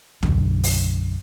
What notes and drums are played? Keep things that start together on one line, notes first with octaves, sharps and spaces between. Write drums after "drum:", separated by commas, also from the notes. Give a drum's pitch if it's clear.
B1 F#2 D3, drum: tom D2
drum: open hi-hat